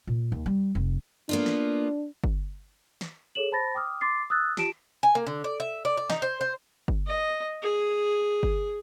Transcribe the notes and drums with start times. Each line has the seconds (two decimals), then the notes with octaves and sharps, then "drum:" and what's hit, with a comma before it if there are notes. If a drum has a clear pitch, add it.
0.07 A#2
0.32 D#2
0.46 G3
0.75 F1
1.29 A#3 B3 D4 F4
1.46 drum: snare
2.24 drum: kick G1
3.01 drum: snare
3.35 G#4 A4 C#5 E7 F#7
3.52 C5 A5 B5 A6 A#6
3.74 G5 D6 D#6 F6
4.01 C6 D6 A6 C7
4.30 D#6 E6 F#6 A6
4.57 F4 G4 A5 D7 E7, drum: snare
5.03 G#5
5.15 A#3
5.27 D3
5.44 D5
5.60 E5
5.85 D5
5.97 D5
6.10 D#4, drum: snare
6.22 C5
6.41 C5
6.88 drum: kick G1
7.07 D#5
7.62 G#4
8.43 drum: kick G1